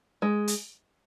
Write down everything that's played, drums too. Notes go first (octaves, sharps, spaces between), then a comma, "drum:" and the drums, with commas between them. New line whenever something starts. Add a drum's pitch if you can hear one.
G#3
drum: hi-hat